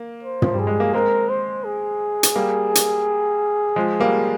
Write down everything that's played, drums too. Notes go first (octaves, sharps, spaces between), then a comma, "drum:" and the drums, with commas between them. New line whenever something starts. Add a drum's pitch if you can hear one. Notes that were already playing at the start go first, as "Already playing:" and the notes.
Already playing: A#3
C5
F3, drum: tom
G3
G#4
G#3
A#3
G#3 C4 A#4
C5
G#4
drum: hi-hat
G3 A#3
drum: hi-hat
F3 G#3
G3 A#3